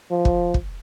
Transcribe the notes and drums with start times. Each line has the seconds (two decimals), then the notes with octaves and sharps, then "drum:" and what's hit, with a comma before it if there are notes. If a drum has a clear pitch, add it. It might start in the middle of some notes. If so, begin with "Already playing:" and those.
0.11 F3
0.25 drum: kick
0.54 drum: kick